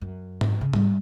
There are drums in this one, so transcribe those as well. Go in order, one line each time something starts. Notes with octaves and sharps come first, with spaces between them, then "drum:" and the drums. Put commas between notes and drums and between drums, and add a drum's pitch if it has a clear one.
F#2
drum: tom G#2
C#3
G3, drum: tom G#2